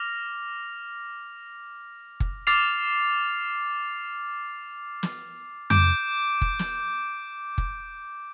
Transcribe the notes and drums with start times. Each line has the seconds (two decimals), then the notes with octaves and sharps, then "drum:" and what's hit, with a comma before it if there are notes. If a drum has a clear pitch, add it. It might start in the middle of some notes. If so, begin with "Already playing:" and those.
Already playing: D6 F6 A#6 F7
2.20 drum: kick F#1
2.47 D6 F6 A6 C7 F7, drum: hi-hat
5.03 drum: snare
5.70 D6 G6 D7, drum: tom F2
6.42 drum: kick F#1
6.59 drum: snare
7.58 drum: kick F#1